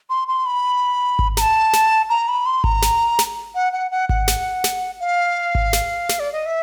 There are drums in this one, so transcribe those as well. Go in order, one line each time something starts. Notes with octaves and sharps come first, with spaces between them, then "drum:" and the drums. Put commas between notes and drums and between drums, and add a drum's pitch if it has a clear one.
C6
C6
B5
drum: kick G#1
A#5, drum: snare
A5
drum: snare
A#5
B5
C6
A#5, drum: kick G#1
drum: snare
drum: snare
F#5
F#5
F#5
F#5, drum: kick G#1
drum: snare
drum: snare
F5
drum: kick G#1
drum: snare
drum: snare
D5
D#5
E5